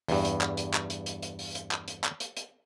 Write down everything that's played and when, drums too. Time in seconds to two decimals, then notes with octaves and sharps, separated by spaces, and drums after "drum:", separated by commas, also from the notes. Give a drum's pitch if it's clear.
0.08 E2 G2, drum: open hi-hat
0.25 drum: hi-hat
0.41 drum: clap
0.57 drum: hi-hat
0.74 drum: clap
0.90 drum: hi-hat
1.06 drum: hi-hat
1.23 drum: hi-hat
1.39 drum: open hi-hat
1.55 drum: hi-hat
1.71 drum: clap
1.88 drum: hi-hat
2.04 drum: clap
2.20 drum: hi-hat
2.37 drum: hi-hat